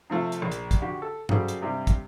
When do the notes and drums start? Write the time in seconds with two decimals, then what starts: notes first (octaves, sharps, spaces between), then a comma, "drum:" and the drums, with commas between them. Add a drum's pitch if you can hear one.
0.10 C3 F3 A3 C4
0.32 drum: hi-hat
0.42 A#1
0.52 drum: hi-hat
0.71 drum: kick, hi-hat
0.82 D3 F#4 G4
1.02 A4
1.29 C#3 F#3 G3 G#4 A4 C5, drum: tom G2
1.48 drum: hi-hat
1.62 G2 C3 G3
1.87 drum: kick, hi-hat